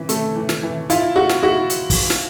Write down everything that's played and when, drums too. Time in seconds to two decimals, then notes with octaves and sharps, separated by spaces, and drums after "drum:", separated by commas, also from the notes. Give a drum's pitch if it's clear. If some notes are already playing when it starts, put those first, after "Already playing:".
Already playing: E3 C#4
0.09 A3, drum: hi-hat
0.36 E3
0.49 drum: snare
0.63 E3
0.90 E4 F4, drum: hi-hat
1.16 E4 F#4
1.29 drum: snare
1.43 E4 F#4
1.70 drum: hi-hat
1.90 drum: kick, open hi-hat
2.10 drum: snare